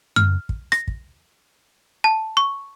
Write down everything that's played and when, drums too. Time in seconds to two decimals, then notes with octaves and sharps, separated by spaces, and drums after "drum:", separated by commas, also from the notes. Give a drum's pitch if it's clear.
0.16 F6, drum: tom F#2
0.49 drum: kick
0.72 A#6, drum: rim click
0.88 drum: kick
2.04 A5
2.37 C#6